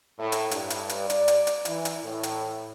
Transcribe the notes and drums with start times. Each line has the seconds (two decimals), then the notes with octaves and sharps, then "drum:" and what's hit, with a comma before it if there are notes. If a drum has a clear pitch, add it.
0.19 A2
0.32 drum: hi-hat
0.51 G2, drum: hi-hat
0.70 drum: hi-hat
0.89 drum: hi-hat
1.10 D5, drum: hi-hat
1.28 drum: hi-hat
1.47 drum: hi-hat
1.65 E3, drum: hi-hat
1.85 drum: hi-hat
2.04 A2
2.23 drum: hi-hat